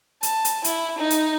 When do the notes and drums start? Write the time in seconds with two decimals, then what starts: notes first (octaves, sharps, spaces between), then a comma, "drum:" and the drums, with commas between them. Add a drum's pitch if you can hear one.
0.23 A5, drum: hi-hat
0.45 drum: hi-hat
0.64 E4, drum: hi-hat
0.98 D#4
1.10 drum: hi-hat